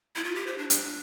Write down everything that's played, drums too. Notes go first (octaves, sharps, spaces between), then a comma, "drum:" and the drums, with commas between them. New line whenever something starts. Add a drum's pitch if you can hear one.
E4
F4
G4
C5
D4
D4, drum: hi-hat